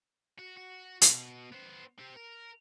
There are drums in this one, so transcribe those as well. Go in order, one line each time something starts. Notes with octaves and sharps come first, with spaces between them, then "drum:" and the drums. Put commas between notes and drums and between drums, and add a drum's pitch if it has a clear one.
F#4
F#4
B2, drum: hi-hat
B3 C5
C4 G4
A#4